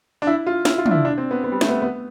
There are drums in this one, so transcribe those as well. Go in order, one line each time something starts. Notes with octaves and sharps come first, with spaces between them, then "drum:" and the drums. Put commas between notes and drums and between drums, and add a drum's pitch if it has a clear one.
D4
E4
F4
E4, drum: snare
F4
D4, drum: tom
E4
D4
C4
B3
B3
G3
A3, drum: snare
B3
B3